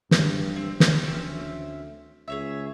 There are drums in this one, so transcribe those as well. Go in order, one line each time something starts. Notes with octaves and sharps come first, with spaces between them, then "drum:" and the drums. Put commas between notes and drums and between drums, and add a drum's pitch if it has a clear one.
G2, drum: snare
C4
drum: snare
D2 C4 C#4 E5
C#2 G#4 C#5 E5